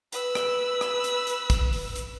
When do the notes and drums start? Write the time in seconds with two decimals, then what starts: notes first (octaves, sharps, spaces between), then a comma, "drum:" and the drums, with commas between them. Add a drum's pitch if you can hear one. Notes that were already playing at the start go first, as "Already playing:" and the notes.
0.13 B4 E6, drum: hi-hat
0.35 drum: rim click
0.81 drum: rim click
1.04 drum: hi-hat
1.27 drum: hi-hat
1.50 drum: kick, hi-hat
1.73 drum: open hi-hat
1.96 drum: hi-hat